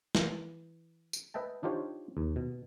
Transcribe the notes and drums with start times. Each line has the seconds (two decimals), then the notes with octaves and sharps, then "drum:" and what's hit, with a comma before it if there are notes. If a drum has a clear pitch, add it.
0.15 E3, drum: snare
1.13 drum: tambourine
1.34 B4 D#5 E5 G5 A5
1.63 D4 D#4 F4 G4 C5 C#5
2.17 D#2
2.36 B2